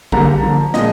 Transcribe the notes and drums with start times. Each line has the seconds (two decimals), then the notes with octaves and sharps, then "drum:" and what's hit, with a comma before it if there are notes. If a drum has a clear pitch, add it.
0.12 D3 G3 A#3 A#5, drum: kick
0.43 D3 F3 A#3
0.74 A#2 F3 G#3 D#5, drum: snare